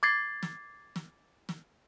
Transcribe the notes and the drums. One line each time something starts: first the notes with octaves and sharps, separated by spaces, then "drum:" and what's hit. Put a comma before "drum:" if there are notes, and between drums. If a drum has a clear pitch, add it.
D6 G#6 A6 C7
drum: snare
drum: snare
drum: snare